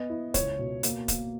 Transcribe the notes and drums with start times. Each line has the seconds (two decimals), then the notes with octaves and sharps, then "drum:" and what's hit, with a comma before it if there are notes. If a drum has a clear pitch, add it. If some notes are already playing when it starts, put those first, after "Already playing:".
Already playing: B3 D#5
0.10 E4
0.34 C#2 C#5, drum: kick, hi-hat
0.59 B2
0.83 A#3, drum: hi-hat
1.08 A#3, drum: kick, hi-hat